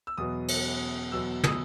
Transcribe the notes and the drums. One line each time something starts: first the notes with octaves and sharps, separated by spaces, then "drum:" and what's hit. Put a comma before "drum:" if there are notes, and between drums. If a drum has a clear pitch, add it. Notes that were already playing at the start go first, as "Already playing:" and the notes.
E6
E2 B2 F#3 B3 D#6
drum: cymbal
E2 B2 F#3 B3 E6
D#6, drum: tom